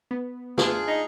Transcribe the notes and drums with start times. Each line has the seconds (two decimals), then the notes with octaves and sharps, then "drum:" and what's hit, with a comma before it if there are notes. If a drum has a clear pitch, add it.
0.11 B3
0.58 D4 F4 G#4, drum: snare
0.88 D#4